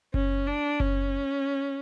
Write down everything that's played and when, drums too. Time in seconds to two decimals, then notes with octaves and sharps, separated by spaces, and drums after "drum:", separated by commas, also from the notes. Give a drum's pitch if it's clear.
0.14 C#4, drum: kick F#1
0.47 D4
0.80 C#4, drum: kick F#1